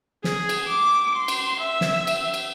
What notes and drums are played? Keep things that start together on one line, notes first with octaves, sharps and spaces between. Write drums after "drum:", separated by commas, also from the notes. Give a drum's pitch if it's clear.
G#4, drum: snare
drum: cymbal
D6
C6
drum: cymbal
E5
drum: snare
drum: cymbal
drum: cymbal